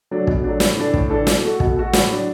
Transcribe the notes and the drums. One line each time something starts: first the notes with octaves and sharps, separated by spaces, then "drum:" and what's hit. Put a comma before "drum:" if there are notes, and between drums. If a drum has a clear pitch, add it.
F#3 A3 D4
B2, drum: kick
F#3 A3 D4
A2, drum: snare
E3 D4 A4
A2, drum: kick
E3 D4 A4
B2, drum: snare
A3 F#4 A4
B2, drum: kick
A3 F#4 A4
A2, drum: snare
F#3 D4